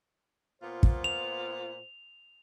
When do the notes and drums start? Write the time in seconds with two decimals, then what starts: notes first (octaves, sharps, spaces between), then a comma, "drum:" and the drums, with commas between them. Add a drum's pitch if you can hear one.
0.62 A#2 B3 F4 C5
0.83 drum: kick
1.04 F7